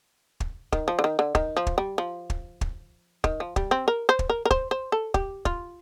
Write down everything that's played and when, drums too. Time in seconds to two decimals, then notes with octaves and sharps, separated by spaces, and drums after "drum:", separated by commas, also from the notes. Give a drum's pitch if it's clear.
0.40 drum: kick
0.72 D#3, drum: kick
0.88 F3
0.99 D3
1.04 D#3
1.19 D3
1.35 D#3, drum: kick
1.57 F3
1.67 drum: kick
1.78 G3
1.98 F3
2.30 drum: kick
2.61 drum: kick
3.24 D#3, drum: kick
3.40 F3
3.56 G3, drum: kick
3.71 C4
3.88 A#4
4.09 C5
4.19 drum: kick
4.30 A#4
4.45 A#4
4.51 C5, drum: kick
4.71 C5
4.92 A4
5.14 G4, drum: kick
5.45 F4, drum: kick